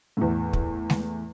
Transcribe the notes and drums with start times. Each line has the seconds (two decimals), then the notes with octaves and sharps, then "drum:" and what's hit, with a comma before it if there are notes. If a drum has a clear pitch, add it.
0.17 E2 A2
0.53 drum: kick
0.90 drum: snare